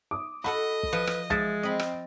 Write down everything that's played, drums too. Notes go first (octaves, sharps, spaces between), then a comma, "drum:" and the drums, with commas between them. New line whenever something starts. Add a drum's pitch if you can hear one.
D6 D#6
F#4 A4 D#5 F#5 B5
drum: kick
F3 B4
drum: rim click
F3 G#3 E5 A6, drum: kick
C4 D#5 B5
drum: rim click